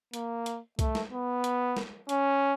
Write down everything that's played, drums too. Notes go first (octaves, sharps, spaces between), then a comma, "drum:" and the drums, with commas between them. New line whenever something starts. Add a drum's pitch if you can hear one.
A#3, drum: hi-hat
drum: hi-hat
A3, drum: kick C2, hi-hat
drum: snare
B3
drum: hi-hat
drum: snare
C#4, drum: hi-hat